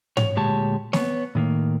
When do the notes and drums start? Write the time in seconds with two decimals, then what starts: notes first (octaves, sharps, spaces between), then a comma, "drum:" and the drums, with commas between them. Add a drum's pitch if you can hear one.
0.17 C#5, drum: tom G#2
0.36 D2 A#2 G#3 G4 C#5 A5
0.93 B3 C#5, drum: snare
1.35 A2 D#3 A#3